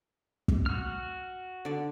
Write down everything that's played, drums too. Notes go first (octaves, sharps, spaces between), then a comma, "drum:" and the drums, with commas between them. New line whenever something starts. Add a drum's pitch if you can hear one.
drum: kick
F#4 F6
D3 D5